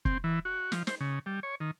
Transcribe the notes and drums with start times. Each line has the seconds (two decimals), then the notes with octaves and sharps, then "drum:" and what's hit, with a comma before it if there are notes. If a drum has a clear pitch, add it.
0.05 C4, drum: kick
0.24 E3
0.45 F#4
0.72 F3, drum: snare
0.87 C5, drum: snare
1.01 C#3
1.26 G3
1.43 C#5
1.60 D#3